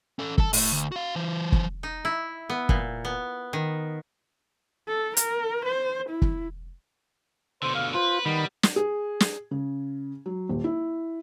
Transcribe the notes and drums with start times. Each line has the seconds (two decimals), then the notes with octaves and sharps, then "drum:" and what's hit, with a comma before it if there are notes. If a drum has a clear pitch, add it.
0.19 C#4 A4
0.38 A4 A5, drum: kick
0.53 A2, drum: open hi-hat
0.73 D2
0.92 F#4 F5
1.16 E3 C5
1.52 drum: kick
1.83 D#4
2.05 E4
2.50 B3
2.69 A#2, drum: kick
3.05 B3
3.53 D#3
4.88 A4
5.17 A#4, drum: hi-hat
5.65 C5
6.09 E4
6.22 drum: kick
7.63 B2 D3 C5
7.75 F5
7.94 F4 B4 C5
8.25 D#3 G3 B3 B5
8.63 drum: snare
8.76 G#4
9.20 drum: snare
9.51 C#3
10.26 F#3
10.49 D#1
10.64 E4